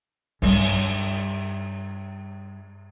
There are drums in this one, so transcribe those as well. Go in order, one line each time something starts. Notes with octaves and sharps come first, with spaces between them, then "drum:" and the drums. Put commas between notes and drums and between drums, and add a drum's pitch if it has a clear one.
G2 G3, drum: cymbal